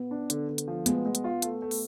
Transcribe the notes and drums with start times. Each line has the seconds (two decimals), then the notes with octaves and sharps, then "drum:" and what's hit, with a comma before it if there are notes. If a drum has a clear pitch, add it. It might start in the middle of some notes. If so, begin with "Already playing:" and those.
Already playing: B3
0.11 D4
0.30 D3, drum: hi-hat
0.49 D3
0.58 drum: hi-hat
0.68 F3
0.86 G#3 B3, drum: hi-hat
1.05 G#3
1.15 drum: hi-hat
1.24 F4
1.42 A3, drum: hi-hat
1.62 A3
1.71 drum: open hi-hat